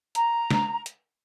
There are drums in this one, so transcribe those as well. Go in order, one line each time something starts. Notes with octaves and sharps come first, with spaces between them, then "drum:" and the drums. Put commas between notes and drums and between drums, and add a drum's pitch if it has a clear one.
A#5, drum: hi-hat
drum: snare
drum: hi-hat